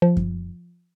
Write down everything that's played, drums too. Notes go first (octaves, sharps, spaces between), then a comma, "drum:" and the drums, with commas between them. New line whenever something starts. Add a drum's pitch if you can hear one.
F3
drum: kick F#2